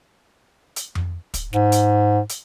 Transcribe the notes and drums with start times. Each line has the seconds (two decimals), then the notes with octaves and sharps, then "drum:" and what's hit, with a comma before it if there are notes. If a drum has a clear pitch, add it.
0.76 drum: hi-hat
0.95 drum: tom F2
1.34 drum: kick, hi-hat
1.53 G#2, drum: snare
1.72 drum: hi-hat
2.29 drum: hi-hat